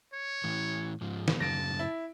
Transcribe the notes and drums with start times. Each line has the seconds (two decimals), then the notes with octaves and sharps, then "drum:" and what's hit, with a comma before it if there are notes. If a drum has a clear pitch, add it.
0.13 C#5
0.44 A2 E3
1.01 G#2 F3
1.28 drum: snare
1.40 F#2 A2 C#3 A5 A#6 D7
1.79 E4